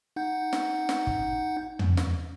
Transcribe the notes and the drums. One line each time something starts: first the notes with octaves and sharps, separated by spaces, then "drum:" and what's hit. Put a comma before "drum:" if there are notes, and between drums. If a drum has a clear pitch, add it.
D#4 F#5 G6
drum: snare
drum: snare
drum: kick
drum: tom
drum: snare